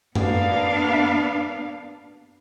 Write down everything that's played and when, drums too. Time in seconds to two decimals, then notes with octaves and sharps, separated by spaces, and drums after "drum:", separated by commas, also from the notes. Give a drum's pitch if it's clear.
0.15 A#3 B3 D4 F5, drum: tom F#2